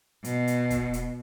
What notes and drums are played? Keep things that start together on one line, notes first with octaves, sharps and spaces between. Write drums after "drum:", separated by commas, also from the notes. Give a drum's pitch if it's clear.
B2, drum: hi-hat
drum: hi-hat
drum: kick, hi-hat
drum: hi-hat